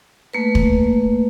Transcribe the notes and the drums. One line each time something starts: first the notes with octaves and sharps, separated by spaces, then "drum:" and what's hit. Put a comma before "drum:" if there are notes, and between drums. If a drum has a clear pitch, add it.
A3 A#3 B4
drum: kick